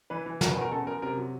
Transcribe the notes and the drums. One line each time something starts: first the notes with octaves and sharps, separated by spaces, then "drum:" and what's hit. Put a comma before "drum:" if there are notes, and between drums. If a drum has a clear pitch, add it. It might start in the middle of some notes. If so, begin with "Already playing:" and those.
E3 B4
E3
B2 A#4, drum: snare
B4
E2
A#4
C#3 A4
F#2 A#4
C3 A#4
F#3